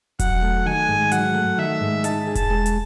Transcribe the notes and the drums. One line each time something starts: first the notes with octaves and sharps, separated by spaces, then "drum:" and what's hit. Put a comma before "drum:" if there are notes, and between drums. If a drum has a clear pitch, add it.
F#3 F#5, drum: kick E1, hi-hat
A3
D#3 G#5
G#2
F#3 F#5, drum: hi-hat
A3
D#3 E5
G#2
D#4 A5, drum: hi-hat
G#4
A5, drum: kick E1, hi-hat
G#3
drum: hi-hat